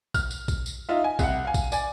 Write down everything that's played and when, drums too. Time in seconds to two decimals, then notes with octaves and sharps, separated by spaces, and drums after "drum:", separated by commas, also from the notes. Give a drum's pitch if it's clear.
0.14 F6, drum: kick A#1, tambourine
0.31 drum: tambourine
0.48 drum: kick A#1, tambourine
0.66 drum: tambourine
0.89 D#4 F4 E5
1.04 G#5
1.19 C2 F#5, drum: kick A#1, tambourine
1.45 F5 G#5
1.54 drum: kick A#1, tambourine
1.72 D5 G#5, drum: tambourine